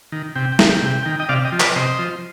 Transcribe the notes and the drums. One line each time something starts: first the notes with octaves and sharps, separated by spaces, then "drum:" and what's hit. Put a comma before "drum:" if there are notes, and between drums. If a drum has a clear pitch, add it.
D#3
C3 G5
G5
D#3, drum: snare
G5
C3 G5
D#3 G5
D#5 G5
C3 D5 F5
D#5 G5
F3
B4 D5, drum: clap
C3 C5 D#5
F3